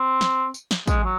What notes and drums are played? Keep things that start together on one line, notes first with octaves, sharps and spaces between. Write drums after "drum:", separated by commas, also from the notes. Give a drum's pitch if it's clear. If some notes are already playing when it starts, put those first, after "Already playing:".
Already playing: C4
drum: snare
drum: tambourine
drum: snare
G#3, drum: kick, tambourine
F#3